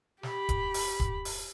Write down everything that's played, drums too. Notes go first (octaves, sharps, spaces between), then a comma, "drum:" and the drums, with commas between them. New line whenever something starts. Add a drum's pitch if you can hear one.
G4 B5, drum: snare
drum: kick, hi-hat
drum: open hi-hat
drum: kick
drum: open hi-hat